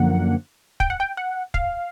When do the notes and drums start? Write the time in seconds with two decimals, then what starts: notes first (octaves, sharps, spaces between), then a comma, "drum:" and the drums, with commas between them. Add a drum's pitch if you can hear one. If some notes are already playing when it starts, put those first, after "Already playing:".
Already playing: F#2 D3 F3 A#3 F#5
0.80 G5, drum: kick
0.90 F#5
1.00 G5
1.17 F#5
1.54 F5, drum: kick